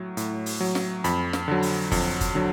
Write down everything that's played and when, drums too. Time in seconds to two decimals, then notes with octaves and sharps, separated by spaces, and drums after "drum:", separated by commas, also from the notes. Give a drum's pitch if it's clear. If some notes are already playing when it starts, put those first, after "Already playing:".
Already playing: A2 F#3
0.17 A2, drum: hi-hat
0.46 drum: open hi-hat
0.60 F#3
0.75 drum: snare
1.04 F2 B5, drum: hi-hat
1.33 drum: snare
1.48 D3 F#3
1.62 drum: open hi-hat
1.91 F2, drum: kick F#1, open hi-hat
2.21 drum: kick F#1, hi-hat
2.35 D3 F#3